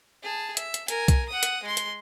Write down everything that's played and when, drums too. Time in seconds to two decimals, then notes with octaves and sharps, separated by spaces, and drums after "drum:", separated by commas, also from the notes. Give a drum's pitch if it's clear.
0.23 G#4 A5
0.57 E5, drum: hi-hat
0.74 drum: hi-hat
0.88 A#4 G#5, drum: hi-hat
1.08 drum: kick B1, hi-hat
1.29 F#5 D#6
1.43 drum: hi-hat
1.63 G#3 C6
1.77 drum: hi-hat